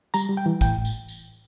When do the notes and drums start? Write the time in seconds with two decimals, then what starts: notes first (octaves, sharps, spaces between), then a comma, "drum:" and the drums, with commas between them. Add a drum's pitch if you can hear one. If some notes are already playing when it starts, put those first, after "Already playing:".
0.14 G3 A#5, drum: tambourine
0.29 G3
0.37 G5
0.46 E3
0.61 A2 G5, drum: kick, tambourine
0.85 drum: tambourine
1.08 drum: tambourine